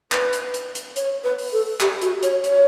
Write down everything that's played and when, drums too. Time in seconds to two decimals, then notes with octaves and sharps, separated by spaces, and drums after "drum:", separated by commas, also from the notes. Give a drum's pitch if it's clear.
0.12 B4, drum: clap
0.33 drum: hi-hat
0.54 drum: hi-hat
0.75 drum: hi-hat
0.96 C#5, drum: hi-hat
1.24 B4
1.38 drum: open hi-hat
1.52 A4
1.80 G4, drum: clap
2.01 F#4, drum: hi-hat
2.23 C#5, drum: hi-hat
2.44 C#5, drum: hi-hat